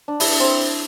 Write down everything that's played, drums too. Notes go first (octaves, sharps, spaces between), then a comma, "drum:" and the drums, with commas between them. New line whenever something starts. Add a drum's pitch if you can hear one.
D4
E4, drum: open hi-hat
C4